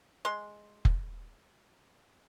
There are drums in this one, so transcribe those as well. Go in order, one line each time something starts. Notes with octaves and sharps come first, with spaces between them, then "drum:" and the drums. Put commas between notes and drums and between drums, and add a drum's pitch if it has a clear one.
G#3 C6
drum: kick F1